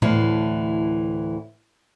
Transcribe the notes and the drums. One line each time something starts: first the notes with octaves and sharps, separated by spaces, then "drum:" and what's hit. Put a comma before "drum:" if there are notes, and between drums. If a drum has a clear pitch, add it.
D2 A2 E3, drum: tom A2